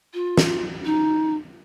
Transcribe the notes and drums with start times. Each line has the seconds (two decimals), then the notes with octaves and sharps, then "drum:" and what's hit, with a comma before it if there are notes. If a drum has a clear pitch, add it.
0.14 F4
0.37 drum: snare
0.85 D#4